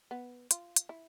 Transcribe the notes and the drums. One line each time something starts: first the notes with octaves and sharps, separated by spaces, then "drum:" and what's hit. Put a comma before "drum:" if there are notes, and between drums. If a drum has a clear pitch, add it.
B3
F4, drum: hi-hat
drum: hi-hat
E4